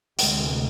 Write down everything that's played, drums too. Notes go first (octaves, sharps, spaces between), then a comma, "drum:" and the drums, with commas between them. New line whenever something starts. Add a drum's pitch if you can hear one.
D2 C3 G#3, drum: hi-hat